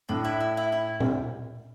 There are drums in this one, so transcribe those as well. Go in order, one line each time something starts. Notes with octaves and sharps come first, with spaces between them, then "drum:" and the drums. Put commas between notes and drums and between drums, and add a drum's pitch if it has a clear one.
A2 D4
E4
E4
E4
E4
drum: tom A#2